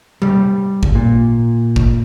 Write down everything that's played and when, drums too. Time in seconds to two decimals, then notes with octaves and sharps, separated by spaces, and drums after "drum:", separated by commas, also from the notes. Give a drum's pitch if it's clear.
0.22 G3, drum: tom C3
0.83 drum: kick G#1
0.95 A#2
1.76 drum: kick G#1